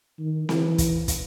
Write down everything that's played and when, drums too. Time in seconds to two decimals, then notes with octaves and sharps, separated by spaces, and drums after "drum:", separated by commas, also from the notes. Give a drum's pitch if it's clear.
0.19 D#3
0.49 E3, drum: snare C4
0.78 drum: kick, hi-hat
1.08 drum: kick, hi-hat